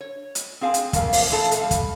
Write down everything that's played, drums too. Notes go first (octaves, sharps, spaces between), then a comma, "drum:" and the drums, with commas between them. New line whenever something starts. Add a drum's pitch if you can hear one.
C#5
drum: hi-hat
C4 G#4 F5 F#5 G#5
drum: hi-hat
F2 A3 A#3 F5, drum: kick, hi-hat
drum: open hi-hat
E2 A#2 A3 A4
drum: hi-hat
G3 F5
drum: kick, hi-hat